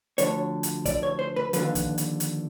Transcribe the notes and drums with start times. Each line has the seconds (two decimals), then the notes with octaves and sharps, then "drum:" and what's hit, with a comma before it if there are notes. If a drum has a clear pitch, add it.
0.18 D2 D3 F3 C#5, drum: hi-hat
0.63 drum: hi-hat
0.86 D5, drum: kick, hi-hat
1.03 C#5
1.19 C5
1.36 B4
1.53 D#2 D3 F3 B4, drum: hi-hat
1.75 drum: kick, hi-hat
1.98 drum: hi-hat
2.20 drum: hi-hat